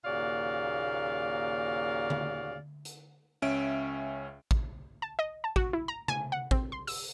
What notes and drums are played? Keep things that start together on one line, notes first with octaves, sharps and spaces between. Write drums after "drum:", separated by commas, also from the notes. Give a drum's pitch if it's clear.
D#2 A#2 C#3 F#4 D5 F5
drum: tom D3
drum: hi-hat
C#2 C#4 E5 D7
drum: kick A1
A5
D#5
A5
F#4, drum: kick A1
E4
A#5
G#5, drum: tom C3
F#5
C4, drum: kick A1
C6
E6, drum: open hi-hat